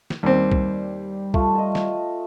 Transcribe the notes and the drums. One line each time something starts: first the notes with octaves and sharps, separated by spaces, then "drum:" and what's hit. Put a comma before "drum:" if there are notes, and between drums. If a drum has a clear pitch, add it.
drum: snare
D#2 G3 C4
drum: kick
A3 F4, drum: kick
D#5 A5
drum: snare